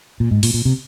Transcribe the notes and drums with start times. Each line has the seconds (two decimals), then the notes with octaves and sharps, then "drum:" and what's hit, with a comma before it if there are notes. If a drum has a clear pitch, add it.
0.20 A#2
0.31 G#2
0.43 A#2, drum: open hi-hat
0.54 A#2
0.65 C3